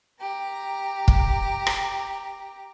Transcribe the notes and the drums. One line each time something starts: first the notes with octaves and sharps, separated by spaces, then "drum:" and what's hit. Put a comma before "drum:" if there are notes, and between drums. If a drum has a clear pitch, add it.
G4 A#5
drum: kick
drum: rim click